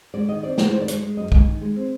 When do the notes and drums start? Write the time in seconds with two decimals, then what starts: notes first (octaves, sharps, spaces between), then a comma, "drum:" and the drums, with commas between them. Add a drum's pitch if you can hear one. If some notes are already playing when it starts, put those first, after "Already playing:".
0.14 G#3 D5
0.28 D#3 D#5
0.43 C4 D5
0.58 G#3 C#5, drum: snare
0.72 D#3 C5
0.81 D5
0.88 G#3 C#5, drum: hi-hat
1.02 G#3
1.17 F#2 D#5
1.32 G#3 G#5, drum: kick
1.47 D#3
1.61 G#3
1.76 C4